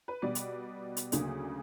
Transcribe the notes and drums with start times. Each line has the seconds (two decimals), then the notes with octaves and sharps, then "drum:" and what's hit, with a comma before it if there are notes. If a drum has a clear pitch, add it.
0.08 B4
0.22 B2 G3 B3 D5
0.35 drum: hi-hat
0.97 drum: hi-hat
1.12 D2 C#3 F#3 A#3, drum: hi-hat